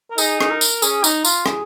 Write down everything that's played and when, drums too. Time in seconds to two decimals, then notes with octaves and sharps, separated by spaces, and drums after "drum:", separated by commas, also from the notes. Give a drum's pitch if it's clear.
0.10 A#4
0.18 D#4 G#4, drum: tambourine
0.41 G#4, drum: rim click
0.50 A#4
0.61 drum: tambourine
0.82 C#4 G#4, drum: tambourine
1.04 D#4, drum: tambourine
1.25 F4, drum: tambourine
1.46 G#4, drum: rim click